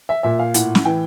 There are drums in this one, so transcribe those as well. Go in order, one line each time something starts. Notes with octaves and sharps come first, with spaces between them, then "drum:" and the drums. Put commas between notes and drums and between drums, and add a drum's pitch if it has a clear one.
E5
A#2 E5
F5
A2 F#5, drum: hi-hat
drum: snare
E3 G5